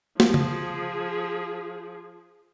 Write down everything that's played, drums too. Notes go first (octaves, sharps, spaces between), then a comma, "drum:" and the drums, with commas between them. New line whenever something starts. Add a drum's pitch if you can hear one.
F3 G#4, drum: snare
drum: tom C#3